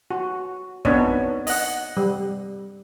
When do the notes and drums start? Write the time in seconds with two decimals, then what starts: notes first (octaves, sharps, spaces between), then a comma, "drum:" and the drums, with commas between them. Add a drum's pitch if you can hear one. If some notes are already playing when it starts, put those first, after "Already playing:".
0.11 F#4
0.85 B3 C4 D4 D#4 C#5, drum: kick
1.47 D#5 F#5, drum: open hi-hat
1.97 G3